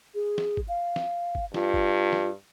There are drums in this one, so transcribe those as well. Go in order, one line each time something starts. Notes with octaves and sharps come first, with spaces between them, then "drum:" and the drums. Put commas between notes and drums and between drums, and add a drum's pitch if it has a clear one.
G#4
drum: snare
drum: kick
F5
drum: snare
drum: kick
G2 F4, drum: snare
drum: kick
drum: snare